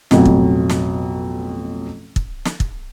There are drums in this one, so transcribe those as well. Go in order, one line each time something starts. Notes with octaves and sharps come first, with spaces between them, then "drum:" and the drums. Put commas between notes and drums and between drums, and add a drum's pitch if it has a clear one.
A1 F2 B2 F#3, drum: snare
drum: kick
drum: snare
drum: kick
drum: snare
drum: kick